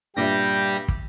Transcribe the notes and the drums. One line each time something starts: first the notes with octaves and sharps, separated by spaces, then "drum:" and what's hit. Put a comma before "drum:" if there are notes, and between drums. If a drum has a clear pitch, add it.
G2 A#2 G3 G4 E5 A#6
drum: kick